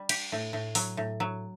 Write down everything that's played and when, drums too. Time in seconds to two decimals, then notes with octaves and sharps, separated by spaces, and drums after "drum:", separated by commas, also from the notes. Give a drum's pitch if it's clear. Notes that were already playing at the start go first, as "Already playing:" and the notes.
Already playing: G3
0.09 G4, drum: cymbal
0.32 A2
0.53 A2
0.75 F#3, drum: open hi-hat
0.97 A2
1.20 F#3